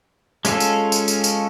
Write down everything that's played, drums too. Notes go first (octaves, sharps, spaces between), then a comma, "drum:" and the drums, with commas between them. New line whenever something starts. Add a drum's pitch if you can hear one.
G#3 C#4 F4 A4, drum: tambourine
drum: tambourine
drum: tambourine
drum: tambourine
drum: tambourine